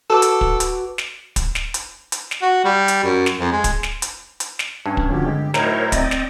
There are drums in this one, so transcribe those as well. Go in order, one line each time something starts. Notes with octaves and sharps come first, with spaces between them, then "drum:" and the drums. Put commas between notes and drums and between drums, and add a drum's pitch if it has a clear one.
F#4 A4 B4 D6
drum: hi-hat
drum: kick
drum: hi-hat
drum: snare
drum: kick, hi-hat
drum: snare
drum: hi-hat
drum: hi-hat
drum: snare
F#4
G3
drum: hi-hat
F#2
drum: snare
F2
G#3
drum: kick, hi-hat
drum: snare
drum: hi-hat
drum: hi-hat
drum: snare
G2 C#4
drum: kick
D3 F3 F#4 G4
D3 G#3
A2 F#3 D#4 E4 A#4 C5 C#5 A#5, drum: snare
C4 D5 D#5, drum: kick, hi-hat
drum: snare